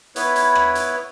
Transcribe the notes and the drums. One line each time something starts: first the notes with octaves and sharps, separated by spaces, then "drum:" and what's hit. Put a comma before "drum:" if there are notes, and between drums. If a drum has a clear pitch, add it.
B3 E4 B4 C#5, drum: hi-hat
drum: hi-hat
drum: rim click
drum: hi-hat